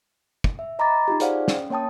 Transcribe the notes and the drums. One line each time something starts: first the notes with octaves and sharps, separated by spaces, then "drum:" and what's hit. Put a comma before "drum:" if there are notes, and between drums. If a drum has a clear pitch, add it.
drum: kick
E5
D#5 A#5 B5 D6 A6
D#4 F4 G4
G#4 C5 D5 F5 F#5, drum: hi-hat
C#4, drum: snare
A#3 C#5 G5 A5 D#6